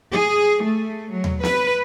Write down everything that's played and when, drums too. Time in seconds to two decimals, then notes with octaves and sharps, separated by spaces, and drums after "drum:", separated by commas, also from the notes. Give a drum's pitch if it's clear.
0.13 G#4
0.62 A3
1.11 F#3
1.24 drum: tom D#2
1.43 B4, drum: snare